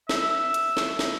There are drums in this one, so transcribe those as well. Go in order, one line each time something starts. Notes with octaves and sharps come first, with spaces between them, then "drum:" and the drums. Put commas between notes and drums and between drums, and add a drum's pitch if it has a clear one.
E5, drum: snare
drum: hi-hat
drum: snare
drum: snare